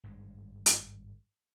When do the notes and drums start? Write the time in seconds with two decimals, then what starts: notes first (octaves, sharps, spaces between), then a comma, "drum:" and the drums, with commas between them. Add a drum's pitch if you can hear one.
0.04 G#1 G2 G#3
0.66 drum: hi-hat